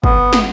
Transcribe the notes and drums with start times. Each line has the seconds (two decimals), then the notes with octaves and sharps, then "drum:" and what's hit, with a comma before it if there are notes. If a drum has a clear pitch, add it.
0.04 B3, drum: kick G1
0.33 drum: snare